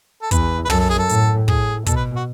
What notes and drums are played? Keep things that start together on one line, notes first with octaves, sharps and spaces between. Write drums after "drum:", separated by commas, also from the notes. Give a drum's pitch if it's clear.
A4
E2 B4, drum: kick, hi-hat
B4
F#2 A4, drum: tom
A4
G#4
A4
A2, drum: hi-hat
A2 G#4, drum: kick
B2 A4, drum: kick, hi-hat
B4
F#4